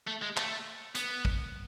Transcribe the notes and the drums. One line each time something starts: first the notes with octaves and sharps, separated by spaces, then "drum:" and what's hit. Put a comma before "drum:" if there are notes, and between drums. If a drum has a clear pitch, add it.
A3
G#3
A3, drum: clap
B3, drum: hi-hat
drum: kick